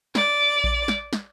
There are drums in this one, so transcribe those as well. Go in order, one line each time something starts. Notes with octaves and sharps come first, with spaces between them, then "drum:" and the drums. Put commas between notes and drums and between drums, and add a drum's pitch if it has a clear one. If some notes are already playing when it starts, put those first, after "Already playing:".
D5, drum: snare
drum: kick A#1
drum: snare
drum: snare